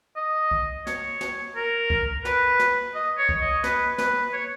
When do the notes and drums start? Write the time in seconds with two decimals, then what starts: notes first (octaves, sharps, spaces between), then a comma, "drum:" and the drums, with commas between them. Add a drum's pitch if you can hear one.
0.16 D#5
0.51 drum: kick B1
0.87 C#5, drum: snare
1.21 drum: snare
1.56 A#4
1.90 drum: kick B1
2.25 B4, drum: snare
2.60 drum: snare
2.95 D#5
3.18 C#5
3.29 drum: kick B1
3.41 D#5
3.64 B4, drum: snare
3.98 B4, drum: snare
4.33 C#5